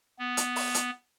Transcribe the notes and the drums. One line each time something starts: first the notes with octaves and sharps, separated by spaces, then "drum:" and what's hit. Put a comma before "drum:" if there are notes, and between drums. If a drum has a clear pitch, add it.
B3
drum: hi-hat
drum: open hi-hat
drum: hi-hat